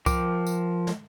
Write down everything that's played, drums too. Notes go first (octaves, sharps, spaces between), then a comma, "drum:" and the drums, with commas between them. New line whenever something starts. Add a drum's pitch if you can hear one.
F3 A#4 G5 D6, drum: kick C2, tambourine
drum: tambourine
drum: snare